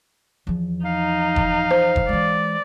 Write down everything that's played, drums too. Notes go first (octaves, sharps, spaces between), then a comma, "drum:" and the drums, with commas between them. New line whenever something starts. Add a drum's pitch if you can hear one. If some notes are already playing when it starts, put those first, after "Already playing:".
E2 F3
D#4 F5
drum: kick F1
C5
drum: kick F1
E3 G#3 D5